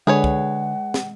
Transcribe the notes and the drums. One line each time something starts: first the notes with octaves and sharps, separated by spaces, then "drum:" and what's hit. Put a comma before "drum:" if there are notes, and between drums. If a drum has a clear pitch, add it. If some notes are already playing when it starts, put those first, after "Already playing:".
D3 G#3 G#4 B4 C#5 F#5
drum: kick
drum: snare